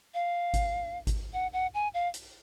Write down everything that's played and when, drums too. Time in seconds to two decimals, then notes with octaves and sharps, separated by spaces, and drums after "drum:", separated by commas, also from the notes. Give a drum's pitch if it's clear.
0.14 F5
0.54 drum: kick G#1, hi-hat
1.07 drum: kick G#1, hi-hat
1.33 F#5
1.53 F#5
1.74 G#5
1.94 F5
2.14 drum: hi-hat